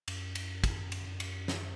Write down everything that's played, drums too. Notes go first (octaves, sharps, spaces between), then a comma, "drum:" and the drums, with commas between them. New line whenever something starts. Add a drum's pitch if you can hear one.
F#2, drum: cymbal
drum: cymbal
drum: kick, cymbal
drum: cymbal
drum: cymbal
drum: snare